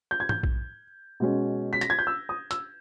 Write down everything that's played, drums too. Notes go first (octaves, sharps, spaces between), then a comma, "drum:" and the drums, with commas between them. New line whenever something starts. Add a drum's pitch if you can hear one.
G6
G#6
G6, drum: tom
drum: kick A#1
B2 G#3 C#4
B6
A#6, drum: hi-hat
G#6
G6
E6
D#6
E6, drum: hi-hat